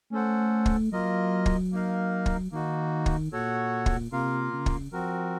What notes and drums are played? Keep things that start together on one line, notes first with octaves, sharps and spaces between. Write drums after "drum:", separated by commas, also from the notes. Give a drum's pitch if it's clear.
A3 C#4 A4 C5 F#5
drum: kick
F#3 A#3 F4 A#4 D#5
drum: kick
A#3 D#4 A#4 F5
drum: kick
D#3 A#3 D#4 F#4
drum: kick
A#2 F#4 A4 C#5 F#5
drum: kick
C3 A#3 F4 A#4 F5
C#3
drum: kick
F3 C4 F#4 A#4